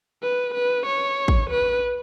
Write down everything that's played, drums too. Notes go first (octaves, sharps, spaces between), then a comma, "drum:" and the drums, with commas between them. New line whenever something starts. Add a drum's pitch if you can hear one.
B4
B4
C#5
drum: kick
B4